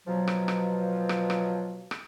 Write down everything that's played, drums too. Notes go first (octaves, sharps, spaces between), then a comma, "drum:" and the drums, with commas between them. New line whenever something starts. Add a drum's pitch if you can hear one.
B2 F3 F#3
drum: rim click
drum: rim click
drum: rim click
drum: rim click
drum: rim click